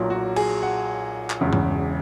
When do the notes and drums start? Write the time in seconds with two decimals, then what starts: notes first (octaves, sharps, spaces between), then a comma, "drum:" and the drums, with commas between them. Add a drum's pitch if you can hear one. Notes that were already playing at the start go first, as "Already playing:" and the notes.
Already playing: B1 A#2 F#3
0.10 F#4
0.36 G#4, drum: cymbal
0.63 F#5
1.30 drum: clap
1.41 E1 E2 C#3
1.53 drum: tom